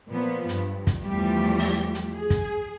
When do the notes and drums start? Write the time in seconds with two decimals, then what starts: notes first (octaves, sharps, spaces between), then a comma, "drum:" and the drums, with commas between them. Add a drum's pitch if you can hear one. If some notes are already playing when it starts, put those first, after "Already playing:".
0.10 A#2 F3 B3
0.49 G2, drum: hi-hat
0.87 drum: kick, hi-hat
1.05 E2 F3 G3 A3 G4
1.59 drum: open hi-hat
1.94 drum: hi-hat
2.15 G#4
2.30 drum: kick, hi-hat